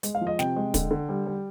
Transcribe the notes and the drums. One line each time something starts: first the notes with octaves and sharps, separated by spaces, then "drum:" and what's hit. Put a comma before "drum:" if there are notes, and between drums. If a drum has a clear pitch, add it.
G#3, drum: hi-hat
F5
F3
D#5
C3 G5, drum: snare
G#3
D3, drum: kick, hi-hat
D3
G3
G3